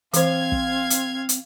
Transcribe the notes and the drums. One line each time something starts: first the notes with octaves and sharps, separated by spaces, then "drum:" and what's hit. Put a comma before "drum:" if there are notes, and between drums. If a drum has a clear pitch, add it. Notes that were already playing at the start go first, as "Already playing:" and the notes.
E3 C4 C5 F5 G#6, drum: hi-hat
drum: kick
drum: hi-hat
drum: hi-hat